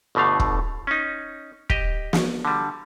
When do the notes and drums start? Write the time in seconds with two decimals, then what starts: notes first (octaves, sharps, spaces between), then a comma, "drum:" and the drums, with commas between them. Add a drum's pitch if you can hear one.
0.15 G1 B2 D3 A3 F5
0.40 drum: kick
0.87 C#4 D#4
1.70 G4 D#5, drum: kick
2.13 drum: snare
2.45 D3 G3